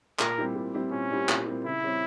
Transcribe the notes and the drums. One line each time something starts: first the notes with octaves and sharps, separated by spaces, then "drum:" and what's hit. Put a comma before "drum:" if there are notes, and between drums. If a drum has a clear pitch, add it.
A#2 A#4, drum: clap
G3 C4 E4 G4
A#2
G3 C4 E4 G4
A#2 C#4
G3 C4 E4 G4
A#2, drum: clap
G3 C4 E4 G4
C#3 E4
G3 C4 G4 C#5